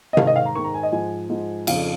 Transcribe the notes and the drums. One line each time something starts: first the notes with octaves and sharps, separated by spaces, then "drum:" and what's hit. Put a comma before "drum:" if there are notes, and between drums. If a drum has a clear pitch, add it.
D#5
G#2 D#3 F5, drum: tom C3
D#5
F5
A#5
G#2 D#3 C#6
A#5
G#5
D#5
G#2 F3 G#5
G#2 F3
F2 C#3 F3 F5, drum: cymbal